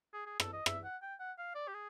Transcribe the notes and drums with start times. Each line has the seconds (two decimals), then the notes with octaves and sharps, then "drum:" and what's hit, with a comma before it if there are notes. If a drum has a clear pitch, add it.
0.13 G#4
0.26 G#4
0.40 A4, drum: rim click
0.53 D#5
0.66 E5, drum: rim click
0.84 F#5
1.02 G5
1.19 F#5
1.38 F5
1.55 D5
1.68 G4
1.74 G#4